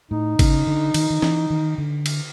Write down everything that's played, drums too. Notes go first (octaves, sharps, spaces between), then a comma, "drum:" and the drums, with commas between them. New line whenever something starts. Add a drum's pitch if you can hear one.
A2 D#4
C#3, drum: kick G#1, cymbal
D3
D#3, drum: cymbal
D#3
E3, drum: snare
D#3
D3
drum: cymbal